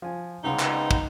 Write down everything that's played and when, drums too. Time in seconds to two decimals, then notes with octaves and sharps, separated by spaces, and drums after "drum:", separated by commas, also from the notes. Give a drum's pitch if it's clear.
0.02 F3 G#5
0.44 C#2 C#3 G#3 B3 C4 D#4
0.59 drum: clap
0.91 drum: kick